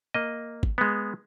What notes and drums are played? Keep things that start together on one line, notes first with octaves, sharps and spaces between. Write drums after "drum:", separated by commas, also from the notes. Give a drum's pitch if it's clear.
A#3 D#5
drum: kick
G#3 B3